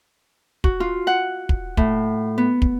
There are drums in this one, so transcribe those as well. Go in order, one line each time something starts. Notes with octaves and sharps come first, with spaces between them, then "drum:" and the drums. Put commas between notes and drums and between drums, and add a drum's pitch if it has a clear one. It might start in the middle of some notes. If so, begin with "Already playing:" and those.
F#4, drum: kick
F4
F#5
drum: kick
A2, drum: kick
B3
drum: kick